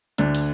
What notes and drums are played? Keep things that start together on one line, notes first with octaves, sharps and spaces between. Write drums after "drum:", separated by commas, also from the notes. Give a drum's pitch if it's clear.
D2 D3, drum: hi-hat
drum: open hi-hat